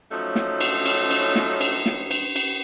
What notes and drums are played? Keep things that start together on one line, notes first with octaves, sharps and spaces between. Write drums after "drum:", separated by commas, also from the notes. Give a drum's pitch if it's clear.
F3 F#3 A3 C#4 D#4
drum: snare
drum: cymbal
drum: cymbal
drum: cymbal
drum: snare
drum: cymbal
drum: snare
drum: cymbal
drum: cymbal